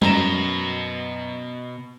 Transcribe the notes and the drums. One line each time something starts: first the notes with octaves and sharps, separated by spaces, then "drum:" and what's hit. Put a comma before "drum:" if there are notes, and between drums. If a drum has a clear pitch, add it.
F#2 B2 A#5 E7, drum: tom G3